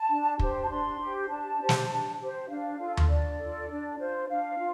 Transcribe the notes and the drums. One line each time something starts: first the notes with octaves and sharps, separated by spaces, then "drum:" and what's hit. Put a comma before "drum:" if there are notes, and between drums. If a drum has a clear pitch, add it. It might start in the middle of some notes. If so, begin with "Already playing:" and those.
Already playing: A5
D4
G4 C5, drum: kick
A5
D4 C6
G4 C5
D4 A5
G4 C5
drum: snare
D4
G4 C5
D4 F5
F4 A4
drum: tom D#2
D4 D5
F4 A4
D4
F4 C5
D4 F5
F4